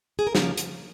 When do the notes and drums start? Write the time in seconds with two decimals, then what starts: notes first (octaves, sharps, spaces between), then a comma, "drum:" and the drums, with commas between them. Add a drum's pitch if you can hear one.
0.19 G#4
0.27 A#4
0.35 C#3 F3 A#3 C#4 C#5, drum: snare
0.58 drum: hi-hat